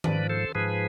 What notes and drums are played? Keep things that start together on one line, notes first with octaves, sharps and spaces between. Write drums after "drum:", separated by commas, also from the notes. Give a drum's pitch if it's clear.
G#2 F3 B4 D5, drum: tom D#3
A4 C5
G#2 F3 G#4 B4